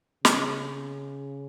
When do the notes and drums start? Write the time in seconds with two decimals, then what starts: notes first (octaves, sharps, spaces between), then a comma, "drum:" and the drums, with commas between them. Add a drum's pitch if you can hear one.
0.25 C#3, drum: snare